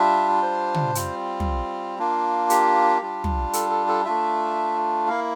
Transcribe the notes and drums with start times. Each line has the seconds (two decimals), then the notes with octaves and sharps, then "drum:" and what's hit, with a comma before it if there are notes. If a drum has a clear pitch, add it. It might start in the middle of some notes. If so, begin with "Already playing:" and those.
Already playing: G3 D4 F4 E5
0.42 C5
0.74 drum: tom
0.95 G3 C4 F4, drum: hi-hat
1.40 drum: tom
1.98 A#3 D4 F4
2.50 G4, drum: hi-hat
3.02 G3 D4 F4
3.24 drum: tom
3.53 A4, drum: hi-hat
3.70 A4
3.88 A4
4.05 A3 D4 F4 E5
5.08 A#3 E4 F5